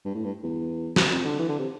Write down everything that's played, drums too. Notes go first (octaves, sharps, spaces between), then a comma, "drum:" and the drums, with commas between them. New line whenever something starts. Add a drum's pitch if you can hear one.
G2
A2
G2
E2
drum: snare
F2
D3
E3
D3
C3